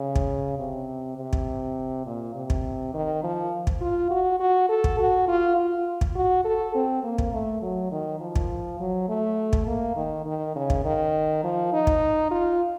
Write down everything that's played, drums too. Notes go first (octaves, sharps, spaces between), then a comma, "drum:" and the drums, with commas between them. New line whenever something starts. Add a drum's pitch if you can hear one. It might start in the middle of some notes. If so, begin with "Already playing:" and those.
Already playing: C#3
drum: kick
C3
C3
drum: kick
A#2
C3
drum: kick
D#3
F3
drum: kick
F4
F#4
F#4
A4
drum: kick
F#4
F4
F4
drum: kick
F#4
A4
C4
A#3
drum: kick
A3
F#3
D#3
F3
drum: kick
F#3
A3
drum: kick
A#3
D#3
D#3
C#3
drum: kick
D#3
F3
D#4
drum: kick
F4